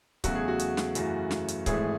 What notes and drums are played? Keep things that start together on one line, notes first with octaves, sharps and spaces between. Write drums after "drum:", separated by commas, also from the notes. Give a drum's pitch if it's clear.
E2 C#3 F#3 A3 F#4, drum: kick C#1, hi-hat
G#4
F#4
drum: hi-hat
drum: snare
F#2 C#3 E3 A3, drum: hi-hat
drum: snare
drum: hi-hat
G#1 G#2 E3 A3 G#4, drum: kick C#1, hi-hat